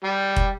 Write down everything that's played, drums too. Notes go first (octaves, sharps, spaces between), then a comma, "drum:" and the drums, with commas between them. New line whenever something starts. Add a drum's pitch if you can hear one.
G3
drum: kick